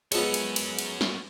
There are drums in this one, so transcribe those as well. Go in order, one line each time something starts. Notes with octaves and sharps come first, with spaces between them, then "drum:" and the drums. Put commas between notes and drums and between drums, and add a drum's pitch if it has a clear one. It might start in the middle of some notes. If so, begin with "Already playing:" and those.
F#2 F3 G#3 B3 C#4 A4 C#5, drum: cymbal
drum: cymbal
drum: cymbal
drum: cymbal
drum: snare